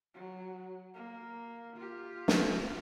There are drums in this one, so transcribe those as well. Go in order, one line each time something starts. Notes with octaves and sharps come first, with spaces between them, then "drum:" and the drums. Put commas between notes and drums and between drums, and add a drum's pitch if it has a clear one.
F#3
A#3
F4 G4
drum: snare